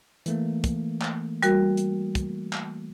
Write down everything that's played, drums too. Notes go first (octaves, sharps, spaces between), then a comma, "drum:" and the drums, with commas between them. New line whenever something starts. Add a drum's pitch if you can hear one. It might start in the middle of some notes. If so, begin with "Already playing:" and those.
E3 A3 A#3, drum: hi-hat
drum: kick, hi-hat
drum: clap
G3 F#4 A#4, drum: hi-hat
drum: hi-hat
drum: kick, hi-hat
drum: clap